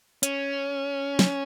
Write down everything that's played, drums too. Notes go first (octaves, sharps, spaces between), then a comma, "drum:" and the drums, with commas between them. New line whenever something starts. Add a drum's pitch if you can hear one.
C#4, drum: hi-hat
drum: snare